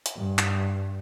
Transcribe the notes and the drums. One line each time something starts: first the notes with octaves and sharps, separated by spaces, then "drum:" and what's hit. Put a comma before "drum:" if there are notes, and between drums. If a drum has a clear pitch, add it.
drum: hi-hat
G2
drum: clap